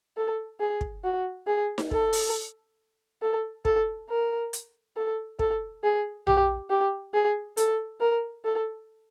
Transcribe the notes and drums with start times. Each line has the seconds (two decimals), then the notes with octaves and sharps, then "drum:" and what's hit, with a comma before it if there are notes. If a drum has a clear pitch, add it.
0.17 A4
0.60 G#4
0.81 drum: kick
1.04 F#4
1.47 G#4
1.78 drum: snare D#4
1.91 A4, drum: kick
2.13 drum: open hi-hat
3.22 A4
3.65 A4, drum: kick
4.09 A#4
4.53 drum: hi-hat
4.96 A4
5.39 A4, drum: kick
5.84 G#4
6.27 G4, drum: tom A#1
6.70 G4
7.14 G#4
7.57 A4, drum: hi-hat
8.00 A#4
8.45 A4